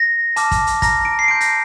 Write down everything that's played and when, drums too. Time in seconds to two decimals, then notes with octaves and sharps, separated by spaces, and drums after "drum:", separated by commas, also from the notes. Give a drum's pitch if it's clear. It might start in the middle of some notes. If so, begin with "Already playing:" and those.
Already playing: A#6
0.36 A5 D6 F6, drum: hi-hat
0.52 drum: kick, hi-hat
0.67 drum: hi-hat
0.82 A#5 F6 A#6, drum: kick, hi-hat
1.05 D7
1.19 C7
1.28 A5 C6 G6 D7
1.41 A#6, drum: hi-hat